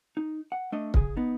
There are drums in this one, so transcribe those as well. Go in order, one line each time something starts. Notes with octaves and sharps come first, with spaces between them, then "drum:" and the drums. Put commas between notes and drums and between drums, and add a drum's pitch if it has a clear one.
D#4
F#5
A3 D4 D#5
C#3 G#4, drum: kick
B3 D#4